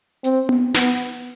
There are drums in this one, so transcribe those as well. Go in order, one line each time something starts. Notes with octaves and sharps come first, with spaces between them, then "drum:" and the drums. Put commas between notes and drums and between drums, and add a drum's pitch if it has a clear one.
C4, drum: hi-hat
drum: tom B3
B3, drum: snare